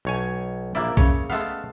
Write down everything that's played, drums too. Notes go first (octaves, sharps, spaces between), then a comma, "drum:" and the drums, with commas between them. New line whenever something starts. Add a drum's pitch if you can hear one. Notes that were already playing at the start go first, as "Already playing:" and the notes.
B1 C#5 G#5
A#1 A#3 E4 D5
C#3 C#5, drum: kick A#1
G#3 A3 B3 F5 A5